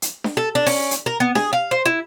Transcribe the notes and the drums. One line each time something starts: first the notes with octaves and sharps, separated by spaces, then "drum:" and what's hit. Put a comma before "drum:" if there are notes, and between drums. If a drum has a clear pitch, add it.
drum: hi-hat
drum: snare D4
A4
D4
C#4, drum: open hi-hat
drum: hi-hat
A#4
B3
G#4, drum: snare D4
F5
C5
E4